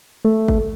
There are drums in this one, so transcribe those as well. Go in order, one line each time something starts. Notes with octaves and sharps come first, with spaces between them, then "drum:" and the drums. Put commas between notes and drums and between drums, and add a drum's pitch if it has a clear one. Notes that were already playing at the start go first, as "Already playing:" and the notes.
A3
drum: kick G1